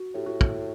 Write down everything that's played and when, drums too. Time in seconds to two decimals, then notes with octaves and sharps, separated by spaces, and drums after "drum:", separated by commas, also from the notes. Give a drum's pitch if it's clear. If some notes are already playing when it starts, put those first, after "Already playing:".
Already playing: F#4
0.14 A2 G4
0.26 F#4
0.41 drum: kick